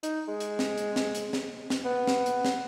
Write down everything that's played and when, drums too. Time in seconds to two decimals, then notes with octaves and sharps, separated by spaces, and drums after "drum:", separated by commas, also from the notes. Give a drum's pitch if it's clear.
0.03 D#4, drum: hi-hat
0.28 G#3
0.40 drum: hi-hat
0.59 drum: snare
0.78 drum: hi-hat
0.96 drum: snare
1.15 drum: hi-hat
1.33 drum: snare
1.70 drum: snare
1.85 B3
2.07 drum: snare
2.26 drum: hi-hat
2.45 drum: snare